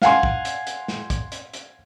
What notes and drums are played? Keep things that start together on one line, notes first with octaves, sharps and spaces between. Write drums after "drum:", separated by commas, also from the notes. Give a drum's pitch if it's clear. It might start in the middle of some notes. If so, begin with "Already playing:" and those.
F5 F#5 G#5 C6, drum: snare
drum: kick
drum: hi-hat
drum: hi-hat
drum: snare
drum: kick, hi-hat
drum: hi-hat
drum: hi-hat